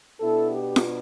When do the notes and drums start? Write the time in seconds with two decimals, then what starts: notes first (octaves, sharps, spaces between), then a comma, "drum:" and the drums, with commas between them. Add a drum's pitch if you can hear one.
0.20 B2 B3 D4 E4 A4
0.52 G4
0.76 drum: snare F4